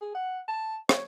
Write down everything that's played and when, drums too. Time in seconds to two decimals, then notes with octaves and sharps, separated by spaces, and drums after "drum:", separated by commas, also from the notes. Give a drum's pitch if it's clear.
0.01 G#4
0.15 F#5
0.48 A5
0.89 C#5, drum: rim click